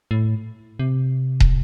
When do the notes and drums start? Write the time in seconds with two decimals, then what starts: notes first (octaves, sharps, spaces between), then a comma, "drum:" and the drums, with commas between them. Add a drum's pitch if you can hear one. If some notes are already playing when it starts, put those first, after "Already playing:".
0.11 A2
0.79 C3
1.40 drum: kick D#1